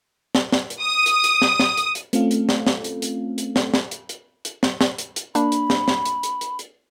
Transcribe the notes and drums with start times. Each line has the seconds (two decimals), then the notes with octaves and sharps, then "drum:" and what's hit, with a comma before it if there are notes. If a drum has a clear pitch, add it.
0.35 drum: snare
0.52 drum: snare
0.70 drum: hi-hat
0.81 D#6
1.06 drum: hi-hat
1.24 drum: hi-hat
1.42 drum: snare
1.59 drum: snare
1.77 drum: hi-hat
1.95 drum: hi-hat
2.13 A3 C4 C#4 F4 A4 F5, drum: hi-hat
2.31 drum: hi-hat
2.49 drum: snare
2.67 drum: snare
2.84 drum: hi-hat
3.02 drum: hi-hat
3.38 drum: hi-hat
3.56 drum: snare
3.74 drum: snare
3.91 drum: hi-hat
4.09 drum: hi-hat
4.45 drum: hi-hat
4.63 drum: snare
4.81 drum: snare
4.98 drum: hi-hat
5.16 drum: hi-hat
5.35 A#3 D4 B5, drum: hi-hat
5.52 drum: hi-hat
5.70 drum: snare
5.88 drum: snare
6.05 drum: hi-hat
6.23 drum: hi-hat
6.41 drum: hi-hat
6.59 drum: hi-hat